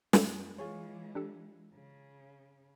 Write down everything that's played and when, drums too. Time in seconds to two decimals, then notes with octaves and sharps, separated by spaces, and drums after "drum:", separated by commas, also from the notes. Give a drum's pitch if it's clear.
0.13 F#2, drum: snare
0.58 E3 G#3 F4 G#4 C#5
1.15 D4 G4 A4
1.74 C#3